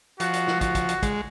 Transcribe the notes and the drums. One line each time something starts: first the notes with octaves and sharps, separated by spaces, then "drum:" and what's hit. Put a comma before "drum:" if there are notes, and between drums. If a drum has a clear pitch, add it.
F3 F#4, drum: hi-hat
drum: hi-hat
drum: snare
F#4, drum: kick, hi-hat
drum: kick, hi-hat
drum: hi-hat
G#3, drum: kick, hi-hat